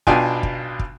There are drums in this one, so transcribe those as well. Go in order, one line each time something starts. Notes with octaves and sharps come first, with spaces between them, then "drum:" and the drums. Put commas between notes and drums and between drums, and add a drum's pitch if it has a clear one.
B1 B2 D4 F4 G5 G#5, drum: kick
drum: kick
drum: kick